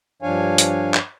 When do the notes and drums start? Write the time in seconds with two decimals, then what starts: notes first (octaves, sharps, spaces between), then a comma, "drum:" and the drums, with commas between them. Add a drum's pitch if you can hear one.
0.22 G2 F3 D4 C#5 F5 G#5
0.58 drum: hi-hat
0.94 drum: clap